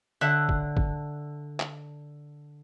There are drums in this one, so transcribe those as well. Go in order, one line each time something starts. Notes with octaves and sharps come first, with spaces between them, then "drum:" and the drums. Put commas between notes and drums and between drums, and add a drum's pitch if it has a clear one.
D3 E5 F#6
drum: kick
drum: kick
drum: clap